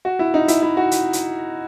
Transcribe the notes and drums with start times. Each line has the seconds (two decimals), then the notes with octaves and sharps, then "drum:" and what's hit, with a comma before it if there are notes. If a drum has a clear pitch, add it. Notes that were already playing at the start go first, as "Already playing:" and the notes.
0.05 F#4
0.19 E4
0.34 D#4
0.48 E4, drum: hi-hat
0.63 E4
0.77 F#4
0.91 drum: hi-hat
1.13 drum: hi-hat